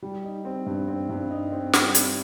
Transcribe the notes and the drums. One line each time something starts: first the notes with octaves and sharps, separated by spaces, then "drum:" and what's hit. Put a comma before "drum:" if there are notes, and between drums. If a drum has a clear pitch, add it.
G3
D#4
C4
G2
C4
G2
D#4
C4
G3, drum: snare
C4, drum: hi-hat